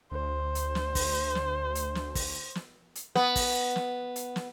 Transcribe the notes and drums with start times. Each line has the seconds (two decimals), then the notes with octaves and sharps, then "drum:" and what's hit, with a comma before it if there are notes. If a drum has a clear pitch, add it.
0.12 D2 C5
0.55 drum: hi-hat
0.75 drum: snare
0.95 drum: kick, open hi-hat
1.35 drum: snare
1.75 drum: hi-hat
1.95 drum: snare
2.15 drum: kick, open hi-hat
2.55 drum: snare
2.95 drum: hi-hat
3.15 B3, drum: snare
3.36 drum: kick, open hi-hat
3.76 drum: snare
4.16 drum: hi-hat
4.36 drum: snare